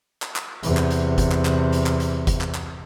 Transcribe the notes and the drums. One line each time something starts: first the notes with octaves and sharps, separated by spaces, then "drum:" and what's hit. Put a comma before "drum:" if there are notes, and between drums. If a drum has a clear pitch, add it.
drum: clap
drum: clap
E2 C3, drum: hi-hat
drum: clap
drum: hi-hat
drum: kick F#1, hi-hat
drum: clap
drum: clap
drum: hi-hat
drum: clap
drum: hi-hat
drum: kick F#1, hi-hat
drum: clap
drum: clap